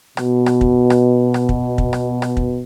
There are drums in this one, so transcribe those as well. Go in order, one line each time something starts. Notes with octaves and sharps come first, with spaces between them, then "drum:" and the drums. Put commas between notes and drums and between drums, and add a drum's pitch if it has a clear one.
B2, drum: rim click
drum: rim click
drum: kick
drum: rim click
drum: rim click
drum: kick
drum: kick
drum: rim click
drum: rim click
drum: kick